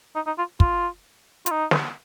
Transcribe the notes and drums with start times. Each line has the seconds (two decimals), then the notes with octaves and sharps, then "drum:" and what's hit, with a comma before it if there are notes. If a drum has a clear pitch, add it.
0.16 D#4
0.26 D#4
0.38 F4
0.60 F4, drum: kick
1.46 F4, drum: hi-hat
1.51 D#4
1.71 drum: snare